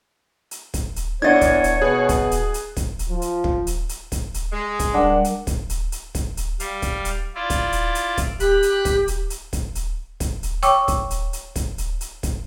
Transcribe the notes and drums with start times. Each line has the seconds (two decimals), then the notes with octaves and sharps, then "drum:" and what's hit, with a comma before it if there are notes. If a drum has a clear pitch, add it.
0.51 drum: hi-hat
0.74 drum: kick, hi-hat
0.96 drum: hi-hat
1.22 E2 D4 C#5 D#5 F#5 G#6 A6
1.41 drum: kick, hi-hat
1.64 drum: hi-hat
1.82 B2 G#4 B4
2.09 drum: kick, hi-hat
2.31 drum: hi-hat
2.54 drum: hi-hat
2.77 drum: kick, hi-hat
2.99 drum: hi-hat
3.09 F3
3.22 drum: hi-hat
3.44 drum: kick
3.67 drum: hi-hat
3.89 drum: hi-hat
4.12 drum: kick, hi-hat
4.34 drum: hi-hat
4.51 G#3
4.79 drum: kick, hi-hat
4.94 G3 D4 A#4 F#5
5.24 drum: hi-hat
5.47 drum: kick, hi-hat
5.70 drum: hi-hat
5.92 drum: hi-hat
6.15 drum: kick, hi-hat
6.37 drum: hi-hat
6.60 G3 F5, drum: hi-hat
6.82 drum: kick, hi-hat
7.05 drum: hi-hat
7.35 E4 F4 D5
7.50 drum: kick, hi-hat
7.72 drum: hi-hat
7.95 drum: hi-hat
8.17 drum: kick, hi-hat
8.40 G4 B5 F#6, drum: hi-hat
8.63 drum: hi-hat
8.85 drum: kick, hi-hat
9.08 drum: hi-hat
9.30 drum: hi-hat
9.53 drum: kick, hi-hat
9.75 drum: hi-hat
10.20 drum: kick, hi-hat
10.43 drum: hi-hat
10.63 C#5 G5 C#6 D6 E6, drum: hi-hat
10.88 drum: kick, hi-hat
11.10 drum: hi-hat
11.33 drum: hi-hat
11.56 drum: kick, hi-hat
11.78 drum: hi-hat
12.01 drum: hi-hat
12.23 drum: kick, hi-hat